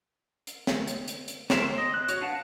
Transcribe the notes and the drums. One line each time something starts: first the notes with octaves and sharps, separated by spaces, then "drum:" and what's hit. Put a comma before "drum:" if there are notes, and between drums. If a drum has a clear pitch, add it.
drum: hi-hat
drum: snare
drum: hi-hat
drum: hi-hat
drum: hi-hat
E3 A3 A#4 C5 E5, drum: snare
C5
D#5
F#6
F#4 C#5, drum: hi-hat
D4 B4 F5 F#5 A5